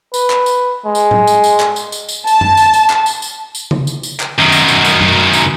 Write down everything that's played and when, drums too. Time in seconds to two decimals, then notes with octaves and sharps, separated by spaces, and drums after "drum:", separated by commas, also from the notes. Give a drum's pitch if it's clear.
0.14 B4, drum: tambourine
0.30 drum: clap
0.46 drum: tambourine
0.86 G#3
0.95 drum: tambourine
1.11 drum: tom A2
1.27 drum: tambourine
1.44 drum: tambourine
1.60 drum: clap
1.76 drum: tambourine
1.92 drum: tambourine
2.09 drum: tambourine
2.27 A5, drum: tambourine
2.41 drum: tom F#2
2.57 drum: tambourine
2.74 drum: tambourine
2.90 drum: clap
3.06 drum: tambourine
3.22 drum: tambourine
3.55 drum: tambourine
3.71 drum: tom C#3
3.87 drum: tambourine
4.03 drum: tambourine
4.20 drum: clap
4.39 F#2 D#3
4.52 drum: tambourine
4.68 drum: tambourine
4.85 drum: tambourine
5.01 drum: tom F#2
5.33 drum: tambourine